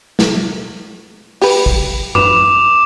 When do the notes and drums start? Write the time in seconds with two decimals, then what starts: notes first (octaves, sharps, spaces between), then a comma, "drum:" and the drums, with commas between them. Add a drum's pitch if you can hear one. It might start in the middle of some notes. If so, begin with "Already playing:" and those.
0.19 drum: snare
1.42 G4 B4, drum: open hi-hat
1.66 drum: kick
2.15 B4 D6 E7, drum: tom F#2